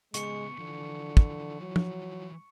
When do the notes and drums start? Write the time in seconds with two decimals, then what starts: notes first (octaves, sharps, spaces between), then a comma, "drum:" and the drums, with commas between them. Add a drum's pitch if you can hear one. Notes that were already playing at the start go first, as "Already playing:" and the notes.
0.14 C#3 G#3 B3 C#6 C#7, drum: hi-hat
0.58 D3 E3 F3
1.17 drum: kick
1.61 F#3
1.76 drum: tom